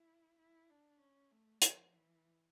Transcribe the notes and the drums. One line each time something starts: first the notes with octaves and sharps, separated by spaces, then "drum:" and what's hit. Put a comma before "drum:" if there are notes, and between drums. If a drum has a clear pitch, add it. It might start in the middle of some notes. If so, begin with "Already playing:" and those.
Already playing: E4
E4
D4
C#4
A3
F3, drum: hi-hat
E3